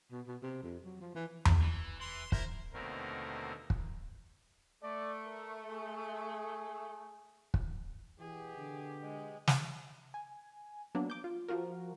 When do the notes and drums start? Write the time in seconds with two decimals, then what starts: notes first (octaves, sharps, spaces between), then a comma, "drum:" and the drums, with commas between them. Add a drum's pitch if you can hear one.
0.11 B2
0.27 B2
0.42 C3
0.63 F2
0.84 F#3
1.01 F3
1.15 E3
1.45 drum: tom E2
1.63 D#1 E3
2.00 E3 C6
2.32 E4 A#4 C5, drum: kick
2.73 D#2 B2 D3 A3 C4 A#4
3.70 drum: kick
4.83 A3 D5
5.26 A#4
5.69 G#4
7.54 drum: kick
8.19 B2 E3 G4 G#4
8.58 D3
9.00 G#3
9.47 drum: snare
10.14 G#5
10.95 F#3 A#3 B3 D4
11.10 D6 G6
11.24 F4
11.48 F3 F4 F#4 A#4